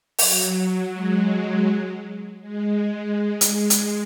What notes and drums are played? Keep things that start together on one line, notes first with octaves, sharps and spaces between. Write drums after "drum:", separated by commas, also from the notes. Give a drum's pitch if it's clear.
F#3, drum: open hi-hat
G#3
G#3
drum: hi-hat
drum: hi-hat